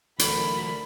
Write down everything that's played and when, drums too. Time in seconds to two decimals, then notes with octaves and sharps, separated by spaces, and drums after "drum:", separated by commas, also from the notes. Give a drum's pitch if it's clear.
0.19 D2 E3 F#3 A4 A#4 B5, drum: hi-hat